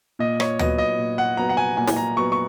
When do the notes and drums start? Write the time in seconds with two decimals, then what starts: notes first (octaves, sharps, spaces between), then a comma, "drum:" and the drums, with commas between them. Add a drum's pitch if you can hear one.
0.19 A#2 D#5
0.40 C#5, drum: rim click
0.59 F#3 B3 D#5, drum: tom D2
0.78 D#5
0.98 A#2
1.18 F#5
1.37 F#3 B3 A#5
1.49 F#5
1.57 G#5
1.77 A#2 G#5
1.87 G#5, drum: snare
1.96 A#5
2.16 F#3 B3 C#6
2.32 C#6